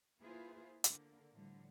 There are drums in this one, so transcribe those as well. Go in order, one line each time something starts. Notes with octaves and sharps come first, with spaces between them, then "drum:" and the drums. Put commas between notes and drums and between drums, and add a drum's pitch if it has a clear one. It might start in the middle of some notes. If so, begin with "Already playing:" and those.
A#3 E4 F4 G#4 B4 C5
D3 A#3, drum: hi-hat
A2 D3 F3 G3